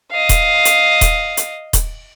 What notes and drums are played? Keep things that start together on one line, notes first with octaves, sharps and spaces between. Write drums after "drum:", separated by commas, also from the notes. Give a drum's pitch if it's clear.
D#5 F5
drum: kick D#1, hi-hat
drum: hi-hat
drum: kick D#1, hi-hat
drum: hi-hat
drum: kick D#1, hi-hat